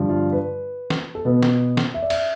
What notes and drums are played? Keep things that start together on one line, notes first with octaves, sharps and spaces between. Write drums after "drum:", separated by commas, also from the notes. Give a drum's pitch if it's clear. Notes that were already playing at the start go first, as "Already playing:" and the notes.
Already playing: G2 D3 F3
F4
B4
drum: snare
A4
B2 B3 B4
drum: snare
drum: snare
E5
D5
E5, drum: cymbal